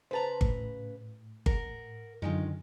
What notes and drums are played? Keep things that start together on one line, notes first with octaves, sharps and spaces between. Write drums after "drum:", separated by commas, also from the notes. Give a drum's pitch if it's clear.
C#3 B4 C5 A5 A#5
A2, drum: kick G1
A#4 F#5, drum: kick G1
F#2 D3 D#3 G#3 F4